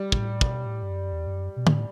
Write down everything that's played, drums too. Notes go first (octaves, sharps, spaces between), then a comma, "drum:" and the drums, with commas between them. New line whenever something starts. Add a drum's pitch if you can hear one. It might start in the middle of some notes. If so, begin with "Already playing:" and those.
Already playing: G3
B2, drum: kick
A2
B2, drum: kick
A2
G2
F#2
E2
G2
F#2
B2
A2, drum: tom